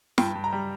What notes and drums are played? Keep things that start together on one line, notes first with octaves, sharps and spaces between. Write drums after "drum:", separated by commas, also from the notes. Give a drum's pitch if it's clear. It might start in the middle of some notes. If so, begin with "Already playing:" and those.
G2 G5, drum: snare
G2
A#5
G3